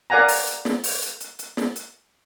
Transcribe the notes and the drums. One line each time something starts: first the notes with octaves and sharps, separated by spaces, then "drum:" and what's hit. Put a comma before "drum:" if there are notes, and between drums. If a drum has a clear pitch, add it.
A#4 D5 F5 F#5 G#5 A#5
drum: open hi-hat
drum: hi-hat
drum: snare
drum: open hi-hat
drum: hi-hat
drum: hi-hat
drum: hi-hat
drum: snare
drum: hi-hat